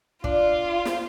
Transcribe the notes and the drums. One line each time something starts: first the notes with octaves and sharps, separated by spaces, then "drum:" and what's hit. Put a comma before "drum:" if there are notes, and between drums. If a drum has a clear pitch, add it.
D4 F4, drum: kick
drum: snare